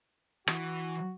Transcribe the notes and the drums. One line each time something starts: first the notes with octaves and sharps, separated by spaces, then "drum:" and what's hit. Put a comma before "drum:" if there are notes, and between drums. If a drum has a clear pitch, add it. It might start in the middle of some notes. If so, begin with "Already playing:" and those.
E3 F#4, drum: rim click